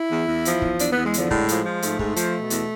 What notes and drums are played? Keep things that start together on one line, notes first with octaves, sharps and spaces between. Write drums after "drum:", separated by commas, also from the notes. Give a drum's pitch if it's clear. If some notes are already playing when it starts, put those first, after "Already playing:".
Already playing: E4
E2
E2
F3, drum: hi-hat
E2, drum: kick
E2 D4, drum: hi-hat
E2 B3
G#3
D3 F3, drum: hi-hat
A2 G#3, drum: kick
F3, drum: hi-hat
F3
G#2 A3, drum: hi-hat
G#2, drum: kick
F3, drum: hi-hat
B2
E2, drum: hi-hat